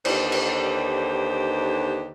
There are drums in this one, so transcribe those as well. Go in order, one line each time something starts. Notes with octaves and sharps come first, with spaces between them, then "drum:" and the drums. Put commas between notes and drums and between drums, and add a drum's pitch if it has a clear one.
D#2 D3 D#4 G4 B4 C5, drum: cymbal
drum: cymbal